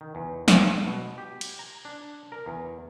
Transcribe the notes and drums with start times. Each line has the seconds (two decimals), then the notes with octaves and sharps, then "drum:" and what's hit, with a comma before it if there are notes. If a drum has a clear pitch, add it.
0.01 D#3
0.15 E2
0.48 G#3, drum: snare
0.85 B2
1.18 G4
1.41 drum: cymbal
1.59 A#5
1.85 D4
2.32 A#4
2.46 E2